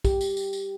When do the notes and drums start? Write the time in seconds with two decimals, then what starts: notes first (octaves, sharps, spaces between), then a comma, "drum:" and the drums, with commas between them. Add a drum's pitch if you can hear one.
0.05 G4, drum: kick, tambourine
0.21 drum: tambourine
0.37 drum: tambourine
0.53 drum: tambourine